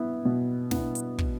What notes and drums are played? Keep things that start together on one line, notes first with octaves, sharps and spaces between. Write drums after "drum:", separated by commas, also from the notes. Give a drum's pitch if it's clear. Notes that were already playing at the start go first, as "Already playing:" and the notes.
Already playing: B3 E4
B2
B3 E4, drum: snare
drum: hi-hat
drum: kick